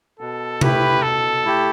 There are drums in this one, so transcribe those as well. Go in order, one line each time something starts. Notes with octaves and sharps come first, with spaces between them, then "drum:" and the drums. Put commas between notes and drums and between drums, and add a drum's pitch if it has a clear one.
B2 A4
A3 E4 G4 B4, drum: tom C3
B2 A4
A3 E4 G4